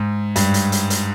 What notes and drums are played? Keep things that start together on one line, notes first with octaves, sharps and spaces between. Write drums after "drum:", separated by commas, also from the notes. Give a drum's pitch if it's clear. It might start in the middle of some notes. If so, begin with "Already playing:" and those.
Already playing: G#2
G2, drum: hi-hat
drum: hi-hat
drum: hi-hat
drum: hi-hat